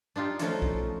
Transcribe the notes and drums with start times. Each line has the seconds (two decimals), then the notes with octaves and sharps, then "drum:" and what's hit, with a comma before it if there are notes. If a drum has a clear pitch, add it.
0.16 D4 D#4 F4 G4
0.39 F3 A3 C#4 D#4 F4 F#4, drum: hi-hat
0.62 drum: kick A#1